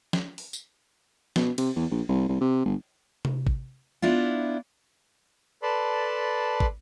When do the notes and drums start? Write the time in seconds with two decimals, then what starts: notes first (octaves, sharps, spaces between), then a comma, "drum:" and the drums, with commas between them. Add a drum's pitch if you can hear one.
0.13 drum: snare
0.38 drum: open hi-hat
0.53 drum: tambourine
1.36 B2, drum: snare
1.58 C3, drum: cymbal
1.76 E2
1.91 A#1
2.08 C2
2.29 C2
2.41 C3
2.65 G1
3.25 drum: tom C3
3.47 drum: kick
4.02 B3 D4 E4 F4
5.62 A4 B4 D5 A5 B5 C6
6.60 drum: kick